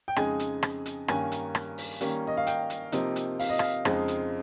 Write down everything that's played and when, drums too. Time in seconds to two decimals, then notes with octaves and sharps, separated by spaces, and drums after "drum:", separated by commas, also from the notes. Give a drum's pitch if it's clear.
0.08 G5
0.16 F2 C#3 G#3 D#4 G#5, drum: rim click
0.40 drum: hi-hat
0.63 drum: rim click
0.86 drum: hi-hat
1.08 G2 D#3 A#3 C#4 G#5, drum: rim click
1.32 drum: hi-hat
1.55 drum: rim click
1.78 drum: open hi-hat
2.01 D#3 G3 A#3 C#4, drum: hi-hat
2.27 D#5
2.37 F5
2.47 G5, drum: hi-hat
2.70 drum: hi-hat
2.92 C3 F3 A#3 D#4, drum: hi-hat
3.16 drum: hi-hat
3.40 F5, drum: open hi-hat
3.49 D#5
3.59 F5, drum: rim click
3.85 F2 C#3 F3 G#3 D#4, drum: rim click
4.08 drum: hi-hat